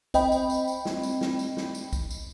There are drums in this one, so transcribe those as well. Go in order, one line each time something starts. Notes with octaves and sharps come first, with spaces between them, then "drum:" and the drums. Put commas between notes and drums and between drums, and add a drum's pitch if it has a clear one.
C4 D#5 G5 B5, drum: kick, tambourine
drum: tambourine
drum: tambourine
drum: tambourine
drum: snare
drum: tambourine
drum: snare
drum: tambourine
drum: snare
drum: tambourine
drum: kick, tambourine
drum: tambourine